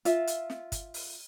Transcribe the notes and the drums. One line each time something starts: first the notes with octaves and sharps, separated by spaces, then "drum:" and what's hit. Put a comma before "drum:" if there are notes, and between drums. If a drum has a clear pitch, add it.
F4 E5, drum: hi-hat
drum: hi-hat
drum: snare
drum: kick G1, hi-hat
drum: open hi-hat